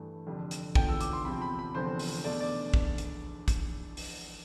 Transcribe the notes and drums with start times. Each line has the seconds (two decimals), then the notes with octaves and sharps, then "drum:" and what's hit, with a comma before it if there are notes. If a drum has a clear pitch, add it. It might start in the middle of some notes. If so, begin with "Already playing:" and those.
Already playing: G2 E3 A3
0.27 F1 F2 D3 G3
0.51 drum: hi-hat
0.75 F1 E2 D3 F3 G5, drum: kick
0.88 E6
1.01 D6, drum: hi-hat
1.13 C6
1.25 E2 C3 F3 C4 B5
1.42 B5
1.59 B5
1.75 F1 E2 D3 F3 C4 C5
1.99 drum: open hi-hat
2.24 E2 B2 A3 D4 D5
2.40 D5
2.74 drum: kick
2.98 drum: hi-hat
3.48 drum: kick, hi-hat
3.97 drum: open hi-hat